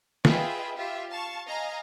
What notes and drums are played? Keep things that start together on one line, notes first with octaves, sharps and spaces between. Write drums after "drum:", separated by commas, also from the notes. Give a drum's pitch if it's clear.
F4 G#4 B4 D#5 E5 G5, drum: snare
F4 G4 E5
F5 A5 C#6
D#5 F5 G#5 A#5